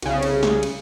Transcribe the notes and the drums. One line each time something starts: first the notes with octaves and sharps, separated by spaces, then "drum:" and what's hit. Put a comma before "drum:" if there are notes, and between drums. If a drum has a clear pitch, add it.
C2 C#3, drum: cymbal
drum: cymbal
drum: snare
drum: cymbal